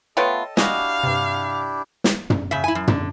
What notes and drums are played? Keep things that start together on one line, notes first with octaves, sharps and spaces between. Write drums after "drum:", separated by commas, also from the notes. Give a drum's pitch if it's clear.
A3 B3 F4 A4 C#5 D#5 G5
D4 E4 F#4 G4 D#5 F5 G#5 D#6, drum: snare
G2 C3
drum: snare
drum: tom
C#3 E5
E4 G#5
F#2
D3, drum: tom